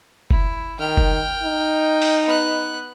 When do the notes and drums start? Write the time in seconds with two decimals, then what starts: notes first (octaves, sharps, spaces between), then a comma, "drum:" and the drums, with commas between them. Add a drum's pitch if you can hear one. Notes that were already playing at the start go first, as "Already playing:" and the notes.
0.31 E4, drum: kick F#1
0.79 D#3 G5 F6
0.97 drum: kick F#1
1.43 D#4
2.02 drum: open hi-hat
2.26 B3 F#6